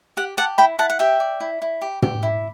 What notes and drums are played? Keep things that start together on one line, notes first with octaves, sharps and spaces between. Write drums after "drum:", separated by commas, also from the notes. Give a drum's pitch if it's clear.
G4 F#5
G4 F#5 A5
E4 G5 B5
E4 F#5 A5
F#5
G4 E5 G5
D5
E4
E4
G4
G4, drum: tom
E4